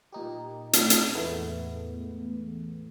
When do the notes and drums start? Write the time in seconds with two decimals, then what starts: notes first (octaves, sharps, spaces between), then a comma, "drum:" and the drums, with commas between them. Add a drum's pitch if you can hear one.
0.12 A#2 D#4 G4
0.73 A2, drum: hi-hat
0.90 drum: hi-hat
1.15 E2 A2 E3 G#3 A3 B3